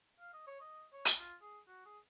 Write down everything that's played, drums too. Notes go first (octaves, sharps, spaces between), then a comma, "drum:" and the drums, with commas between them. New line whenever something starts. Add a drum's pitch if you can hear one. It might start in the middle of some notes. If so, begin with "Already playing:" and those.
F5
D#5
C#5
D#5
C#5
drum: hi-hat
F4
G#4
F#4
G#4